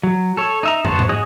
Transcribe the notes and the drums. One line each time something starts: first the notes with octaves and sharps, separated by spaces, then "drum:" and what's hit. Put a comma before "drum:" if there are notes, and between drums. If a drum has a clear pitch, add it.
F#3
A4 C#5
D#4 E5 A#5
B3 F#4 C5 C#5 A5, drum: tom
drum: tom G#2
F#4 G#4 C#5 D#5 D#6